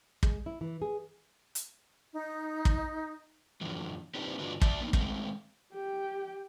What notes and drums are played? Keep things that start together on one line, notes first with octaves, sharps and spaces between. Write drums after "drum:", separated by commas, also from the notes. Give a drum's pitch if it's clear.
G#3, drum: kick
E4
E3
G#4
drum: hi-hat
D#4
drum: kick
F#2 D3 E3 F3
C4 D4 D#4 G4 B4 C5
G2 D3 D4 F4 F#4 B4
D5 E5 A5, drum: kick
A#3 B3 C#4 D#4
G#3 A3 C4, drum: kick
G4 G5